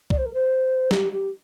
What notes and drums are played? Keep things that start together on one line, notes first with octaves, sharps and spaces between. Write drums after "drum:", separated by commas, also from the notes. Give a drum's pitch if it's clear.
D5, drum: kick C2
C5
A#4
C5
G4, drum: snare
G4